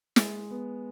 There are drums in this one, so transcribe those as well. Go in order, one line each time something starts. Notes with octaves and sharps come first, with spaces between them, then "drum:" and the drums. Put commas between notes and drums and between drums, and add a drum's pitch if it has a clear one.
G#3, drum: snare
B3